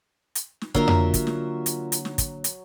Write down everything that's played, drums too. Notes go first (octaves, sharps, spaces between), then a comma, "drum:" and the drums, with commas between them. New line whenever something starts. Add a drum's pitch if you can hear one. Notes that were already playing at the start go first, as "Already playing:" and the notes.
drum: hi-hat
drum: snare
D3 F#3 A#3 D4 F4 A#4 E5, drum: kick
drum: tom F2
drum: kick, hi-hat
drum: snare
drum: hi-hat
drum: hi-hat
drum: snare
drum: kick, hi-hat
drum: hi-hat